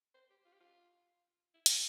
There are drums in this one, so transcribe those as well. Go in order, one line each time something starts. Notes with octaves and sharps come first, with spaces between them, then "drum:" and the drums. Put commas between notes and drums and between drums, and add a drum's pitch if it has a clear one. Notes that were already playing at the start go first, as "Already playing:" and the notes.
C5
G4
F4
G4
F4
E4
D4, drum: hi-hat